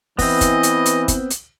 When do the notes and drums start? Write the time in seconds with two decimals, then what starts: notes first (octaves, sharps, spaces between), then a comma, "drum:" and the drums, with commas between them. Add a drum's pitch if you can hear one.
0.19 E3 B3 C4 D#5, drum: kick, open hi-hat
0.41 drum: kick, hi-hat
0.63 drum: hi-hat
0.86 drum: hi-hat
1.08 drum: kick, hi-hat
1.31 drum: hi-hat